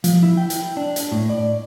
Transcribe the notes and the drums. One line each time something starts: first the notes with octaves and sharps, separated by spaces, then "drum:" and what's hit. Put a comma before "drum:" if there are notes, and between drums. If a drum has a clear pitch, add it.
F3, drum: hi-hat
E4
G5
drum: hi-hat
D4
drum: hi-hat
A2
D5